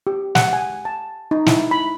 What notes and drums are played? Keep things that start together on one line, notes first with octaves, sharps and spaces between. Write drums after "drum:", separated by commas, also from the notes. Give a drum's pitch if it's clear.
G4
F#5, drum: snare
G#5
A5
D#4
E4, drum: snare
B5